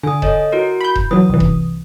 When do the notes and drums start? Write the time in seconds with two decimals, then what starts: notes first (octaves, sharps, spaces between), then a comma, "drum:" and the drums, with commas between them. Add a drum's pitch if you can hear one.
0.03 D3 G#5 D#6
0.22 A4 C#5 D#5, drum: kick E1
0.52 E4 F#4 A#4
0.81 B5 G6
0.95 drum: kick E1
1.11 E3 F#3 D#6
1.29 C2 E3
1.40 drum: kick E1